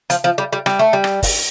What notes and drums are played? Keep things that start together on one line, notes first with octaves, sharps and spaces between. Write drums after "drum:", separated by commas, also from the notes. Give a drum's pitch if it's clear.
F3, drum: hi-hat
F3
G3
G3
G3, drum: rim click
A3
G3
drum: rim click
drum: kick, open hi-hat